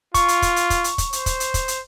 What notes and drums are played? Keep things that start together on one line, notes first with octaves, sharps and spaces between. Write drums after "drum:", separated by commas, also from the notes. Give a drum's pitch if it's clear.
F4 C#6, drum: kick, hi-hat
drum: hi-hat
drum: kick, hi-hat
drum: hi-hat
drum: kick, hi-hat
drum: hi-hat
drum: kick, hi-hat
C5, drum: hi-hat
drum: kick, hi-hat
drum: hi-hat
drum: kick, hi-hat
drum: hi-hat